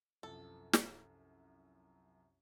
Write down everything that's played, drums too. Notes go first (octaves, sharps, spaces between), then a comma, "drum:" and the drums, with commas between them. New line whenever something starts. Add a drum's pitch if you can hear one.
C2 F#2 F3 A4
drum: snare